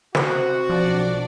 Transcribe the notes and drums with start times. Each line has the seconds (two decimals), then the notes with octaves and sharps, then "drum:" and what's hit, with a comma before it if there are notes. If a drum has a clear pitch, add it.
0.15 C3 F#4 C5, drum: snare
0.70 B1 F3 D4 D5